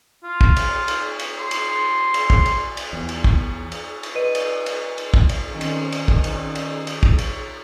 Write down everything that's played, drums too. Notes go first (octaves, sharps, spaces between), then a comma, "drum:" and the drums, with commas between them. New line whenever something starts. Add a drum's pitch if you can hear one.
F4
drum: kick
drum: cymbal
drum: cymbal
drum: cymbal
C6
drum: cymbal
drum: cymbal
drum: kick
drum: cymbal
drum: cymbal
E2
drum: cymbal
drum: kick
drum: cymbal
drum: cymbal
B4 D#5 D#7
drum: cymbal
drum: cymbal
drum: cymbal
drum: kick
drum: cymbal
D#3 C4 C#4
drum: cymbal
drum: cymbal
drum: kick
drum: cymbal
drum: cymbal
drum: cymbal
drum: kick
drum: cymbal